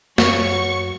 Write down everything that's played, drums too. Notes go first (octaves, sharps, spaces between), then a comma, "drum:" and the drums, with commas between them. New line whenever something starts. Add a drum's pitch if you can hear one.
F#2 F#3 C#6, drum: snare